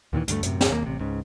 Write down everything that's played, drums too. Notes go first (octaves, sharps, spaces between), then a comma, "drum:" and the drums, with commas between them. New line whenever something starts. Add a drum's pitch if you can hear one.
D#2 A#2 D#3 E3
D2 G2 F#3 A3, drum: hi-hat
F#2 A2 C3, drum: hi-hat
drum: snare
D#2 A#3
A1 C3
C#2 G#2 C#3